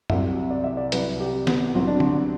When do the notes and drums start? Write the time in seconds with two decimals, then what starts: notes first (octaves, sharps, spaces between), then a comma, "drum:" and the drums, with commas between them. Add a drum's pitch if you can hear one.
0.10 C2 C3 F#3 E5, drum: tom F#2
0.51 D5
0.64 E5
0.77 D5
0.92 C2 C3 F#3 B4, drum: hi-hat
1.20 G4
1.47 B3, drum: snare
1.74 C2 C3 F#3 C4
1.87 D4
2.00 C4, drum: tom D3